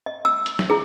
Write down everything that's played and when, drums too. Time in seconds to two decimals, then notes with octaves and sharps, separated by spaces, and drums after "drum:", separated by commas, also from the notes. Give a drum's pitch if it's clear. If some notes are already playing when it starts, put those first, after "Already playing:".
0.06 D#5
0.25 E6
0.46 drum: hi-hat
0.59 drum: snare
0.70 E4 G#4